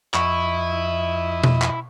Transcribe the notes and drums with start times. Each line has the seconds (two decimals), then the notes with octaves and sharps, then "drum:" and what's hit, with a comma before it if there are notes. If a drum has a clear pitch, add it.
0.14 F2 E4 D#5 C#6, drum: clap
1.44 drum: tom B2
1.62 drum: clap